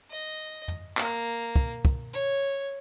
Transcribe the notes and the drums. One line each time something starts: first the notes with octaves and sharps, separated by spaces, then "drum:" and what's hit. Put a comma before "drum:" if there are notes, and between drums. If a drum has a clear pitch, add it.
D#5
drum: tom
A#3, drum: clap
drum: kick
drum: kick
C#5